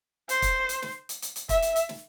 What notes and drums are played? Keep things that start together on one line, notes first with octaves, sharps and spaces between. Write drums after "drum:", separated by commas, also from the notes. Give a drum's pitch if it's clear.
C5, drum: hi-hat
drum: kick, hi-hat
drum: hi-hat
drum: snare
drum: hi-hat
drum: hi-hat
drum: hi-hat
E5, drum: kick, hi-hat
drum: hi-hat
drum: hi-hat
drum: snare